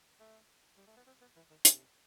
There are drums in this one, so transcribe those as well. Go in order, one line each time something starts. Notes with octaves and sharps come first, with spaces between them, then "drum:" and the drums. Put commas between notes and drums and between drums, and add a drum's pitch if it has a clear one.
A3
G3
A3
B3
C4
B3
E3
D#3
C3, drum: hi-hat